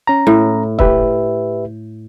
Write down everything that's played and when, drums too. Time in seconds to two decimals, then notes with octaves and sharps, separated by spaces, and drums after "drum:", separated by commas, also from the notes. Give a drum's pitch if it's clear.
0.07 C#4 A#5
0.27 A2
0.79 G4 B4 E5, drum: kick